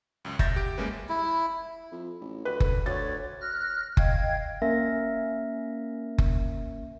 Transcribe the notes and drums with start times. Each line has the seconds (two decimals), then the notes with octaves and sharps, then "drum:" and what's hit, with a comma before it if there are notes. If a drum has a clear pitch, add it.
0.25 C#2 F#2
0.39 C2 E5 G6 A6 A#6, drum: kick F#1
0.56 G4 D7
0.78 G3 G#3 A#3 C#4 B4
1.09 E4
1.92 F2
2.21 A1
2.45 D2 B4
2.60 drum: kick F#1
2.86 D2 C#5 A6
3.41 F6 F#6 A#6
3.97 D#5 F5 G5 G#6, drum: kick F#1
4.62 A#3 C#4 A#4 E5 A#6
6.18 drum: kick F#1